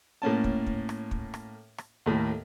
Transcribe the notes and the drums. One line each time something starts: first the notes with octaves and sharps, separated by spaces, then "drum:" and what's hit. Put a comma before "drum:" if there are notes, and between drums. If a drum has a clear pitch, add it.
A2 A#3 C#4 A5
drum: kick
drum: kick
drum: rim click
drum: kick
drum: rim click
drum: rim click
D#2 A2 A#3